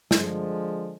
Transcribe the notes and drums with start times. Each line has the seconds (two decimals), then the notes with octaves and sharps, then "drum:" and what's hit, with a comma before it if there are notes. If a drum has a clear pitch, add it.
0.11 D3 F3 G#3, drum: snare